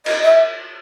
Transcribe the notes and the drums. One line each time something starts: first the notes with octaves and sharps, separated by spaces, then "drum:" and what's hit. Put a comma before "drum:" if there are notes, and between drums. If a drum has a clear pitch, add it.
D#5, drum: cymbal
E5